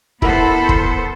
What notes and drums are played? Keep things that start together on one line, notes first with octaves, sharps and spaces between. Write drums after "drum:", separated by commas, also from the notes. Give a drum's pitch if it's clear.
B3 E4 A4 A#4 C5 F#5 B5, drum: kick
drum: kick